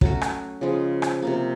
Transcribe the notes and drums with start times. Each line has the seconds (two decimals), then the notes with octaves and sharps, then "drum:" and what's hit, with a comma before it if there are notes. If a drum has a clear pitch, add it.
0.01 F#3 A3 C#4 F#4, drum: kick
0.21 drum: rim click
0.61 C#3 F3 G#3
1.02 drum: rim click
1.22 C3 F3 A#3